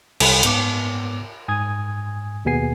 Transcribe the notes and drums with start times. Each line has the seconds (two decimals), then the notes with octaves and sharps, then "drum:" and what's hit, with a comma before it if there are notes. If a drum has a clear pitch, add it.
0.20 C2 A4 B5, drum: cymbal
0.43 G#2 B3 D6, drum: hi-hat
1.48 G#2 G#5 D#6 G#6
2.45 D#2 B2 B3 G#4 G#5 C7